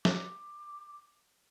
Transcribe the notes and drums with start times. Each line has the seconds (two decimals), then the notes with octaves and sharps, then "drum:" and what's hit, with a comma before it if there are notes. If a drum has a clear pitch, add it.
0.05 D6, drum: snare